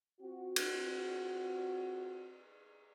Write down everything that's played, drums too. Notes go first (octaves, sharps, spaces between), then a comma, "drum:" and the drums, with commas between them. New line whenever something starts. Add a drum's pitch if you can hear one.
C4 F4 F#4
drum: cymbal